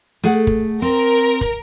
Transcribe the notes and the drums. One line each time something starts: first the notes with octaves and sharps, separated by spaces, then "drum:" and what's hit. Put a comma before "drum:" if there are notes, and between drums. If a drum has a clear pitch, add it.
A3 G#4 F#5, drum: snare
drum: kick
C4 A#4
drum: hi-hat
drum: kick, hi-hat